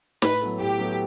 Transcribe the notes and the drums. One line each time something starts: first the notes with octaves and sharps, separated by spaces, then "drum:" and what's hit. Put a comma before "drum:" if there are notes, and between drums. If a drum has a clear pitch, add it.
A2 B4, drum: snare
F#3 B3 E4 A4
A2 G4
F#3 B3 E4 A4